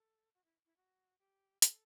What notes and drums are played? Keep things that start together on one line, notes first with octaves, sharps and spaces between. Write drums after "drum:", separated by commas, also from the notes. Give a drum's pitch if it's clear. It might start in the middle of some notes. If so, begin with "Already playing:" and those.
Already playing: A4
F#4
E4
E4
F#4
G4
A4, drum: hi-hat